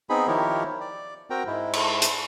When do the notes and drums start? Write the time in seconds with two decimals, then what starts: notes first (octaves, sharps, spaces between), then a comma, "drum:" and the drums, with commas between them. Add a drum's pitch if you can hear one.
0.10 B3 C4 D#4 G#4 B5
0.28 D#3 F3 E4 G4 A#4 C#5
0.80 D5
1.30 C4 F#4 A#4 G5 A#5
1.47 G#2 G#3 E4
1.73 drum: cymbal
2.02 drum: hi-hat